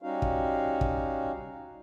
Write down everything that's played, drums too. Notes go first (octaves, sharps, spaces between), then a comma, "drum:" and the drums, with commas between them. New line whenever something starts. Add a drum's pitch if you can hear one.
G3 C#4 D#4 F#4 F5
drum: kick
drum: kick